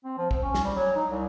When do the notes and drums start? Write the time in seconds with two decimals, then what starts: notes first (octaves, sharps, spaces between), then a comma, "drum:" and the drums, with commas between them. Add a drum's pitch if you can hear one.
0.04 C4
0.18 F3
0.31 F3, drum: kick
0.43 C#4
0.54 drum: snare
0.64 G3
0.76 F#3
0.96 D#4
1.09 C2